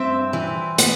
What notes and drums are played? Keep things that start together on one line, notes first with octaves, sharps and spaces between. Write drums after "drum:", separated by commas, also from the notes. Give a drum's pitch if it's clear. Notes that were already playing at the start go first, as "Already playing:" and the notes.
Already playing: G2 C4 E5
E3
B3, drum: hi-hat